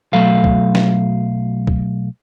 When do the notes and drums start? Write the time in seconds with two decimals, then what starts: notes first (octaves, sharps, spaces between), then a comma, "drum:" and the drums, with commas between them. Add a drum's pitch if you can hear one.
0.13 B1 F#3 A3 F5
0.44 drum: kick
0.75 drum: snare
1.67 drum: kick